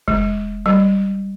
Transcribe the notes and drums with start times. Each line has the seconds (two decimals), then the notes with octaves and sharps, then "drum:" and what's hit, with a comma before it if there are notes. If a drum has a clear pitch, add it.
0.08 G#3, drum: kick F1
0.66 G3